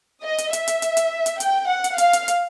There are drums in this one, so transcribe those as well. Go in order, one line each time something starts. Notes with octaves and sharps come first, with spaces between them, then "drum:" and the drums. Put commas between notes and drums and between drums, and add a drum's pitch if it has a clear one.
D#5
drum: hi-hat
E5, drum: hi-hat
drum: hi-hat
drum: hi-hat
drum: hi-hat
drum: hi-hat
G5, drum: hi-hat
F#5
drum: hi-hat
F5, drum: hi-hat
drum: hi-hat
drum: hi-hat